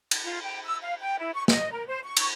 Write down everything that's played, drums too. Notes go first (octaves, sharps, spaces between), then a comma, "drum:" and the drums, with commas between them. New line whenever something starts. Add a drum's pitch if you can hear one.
drum: cymbal
F4
G5
E6
F5
G5
E4
C#6
D#5, drum: snare
A#4
C5
C#6
drum: cymbal